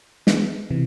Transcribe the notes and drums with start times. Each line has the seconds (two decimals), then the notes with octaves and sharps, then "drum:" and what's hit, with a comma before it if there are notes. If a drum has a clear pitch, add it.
0.27 E3 G#3 B3, drum: snare
0.70 C3 E3